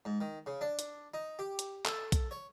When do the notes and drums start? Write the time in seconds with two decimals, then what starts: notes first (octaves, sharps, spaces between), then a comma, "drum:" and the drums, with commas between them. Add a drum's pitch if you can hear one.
0.05 G#2
0.21 D#3
0.46 C#3
0.61 D4
0.79 drum: hi-hat
1.14 D#4
1.39 G4
1.59 drum: hi-hat
1.86 A4, drum: clap
2.12 drum: kick B1, hi-hat
2.31 C#5